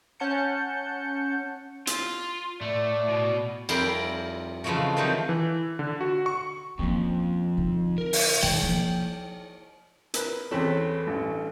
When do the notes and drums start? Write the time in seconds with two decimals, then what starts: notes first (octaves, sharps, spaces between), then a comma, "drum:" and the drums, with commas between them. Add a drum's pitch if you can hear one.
0.20 C#4 F#5 A5 G6 C#7
1.87 F4, drum: hi-hat
2.61 A2 A3 D5
3.09 B2
3.69 F2 G3 E4 A#4 G5 C6, drum: cymbal
4.64 C#3 E3 F3 G#3 A3 F#4
4.97 D3 D#3 F3 F#3 C4 D#4
5.29 E3
5.79 D3
6.01 F#4
6.26 C#6
6.79 F2 A#3 C#4
7.57 D3 D#4
7.98 A#4
8.13 drum: open hi-hat
8.43 E3 G5, drum: cymbal
8.63 F3 A#3
10.14 A#4 B4, drum: hi-hat
10.51 E2 C4 C#4 A4 B4
11.07 A1 G2